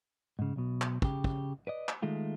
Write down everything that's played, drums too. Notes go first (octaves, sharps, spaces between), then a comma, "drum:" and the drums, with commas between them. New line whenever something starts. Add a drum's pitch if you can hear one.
G#2 C#3
B1 B2
drum: clap
C#3 G4, drum: kick
drum: kick
B4 D5 D#5
drum: clap
D#3 G#3 A3 F4